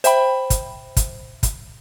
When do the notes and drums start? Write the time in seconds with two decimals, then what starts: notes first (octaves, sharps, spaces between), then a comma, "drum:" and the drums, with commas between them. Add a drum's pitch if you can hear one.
0.04 C5 E5 G5 B5, drum: hi-hat
0.50 drum: kick, hi-hat
0.97 drum: kick, hi-hat
1.43 drum: kick, hi-hat